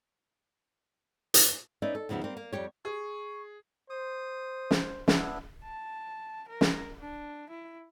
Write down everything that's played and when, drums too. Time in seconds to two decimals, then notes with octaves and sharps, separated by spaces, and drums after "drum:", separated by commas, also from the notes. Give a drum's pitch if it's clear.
1.34 drum: hi-hat
1.82 C#4 D#4 B4 D5 E5
1.95 A4
2.09 D#2 C#3 F3 B3 E5
2.24 G3 A#3 C4
2.37 A#3
2.53 F2 G3 G4 C#5
2.85 G#4 C#6
3.90 C5 D#6
4.71 drum: snare
5.08 B3 D4 E4, drum: snare
5.64 A5
6.48 A#4
6.61 drum: snare
7.01 D4
7.50 E4